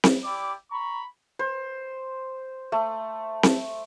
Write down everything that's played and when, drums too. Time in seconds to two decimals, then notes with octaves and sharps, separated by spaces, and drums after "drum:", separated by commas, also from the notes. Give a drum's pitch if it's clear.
0.04 drum: snare C4
0.24 E4 G4 D5 D6
0.71 A#5 B5 C#6
1.39 C5
2.72 A3
3.43 drum: snare C4